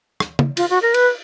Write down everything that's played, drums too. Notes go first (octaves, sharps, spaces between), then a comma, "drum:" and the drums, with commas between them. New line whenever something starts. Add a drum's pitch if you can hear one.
drum: rim click
drum: tom
F4, drum: cymbal
F#4
A#4
B4, drum: cymbal